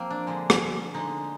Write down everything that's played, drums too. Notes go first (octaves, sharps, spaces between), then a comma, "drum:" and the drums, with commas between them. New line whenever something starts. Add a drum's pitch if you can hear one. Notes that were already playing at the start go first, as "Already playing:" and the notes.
Already playing: F3 A#3 C4
D4
D3 F3 G#3
drum: rim click
D3 G#3 D#4